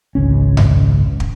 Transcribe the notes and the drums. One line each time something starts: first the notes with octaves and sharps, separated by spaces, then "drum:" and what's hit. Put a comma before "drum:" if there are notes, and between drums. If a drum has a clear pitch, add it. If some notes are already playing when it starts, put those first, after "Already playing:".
G#1 C#2 C#4
drum: tom F2
drum: kick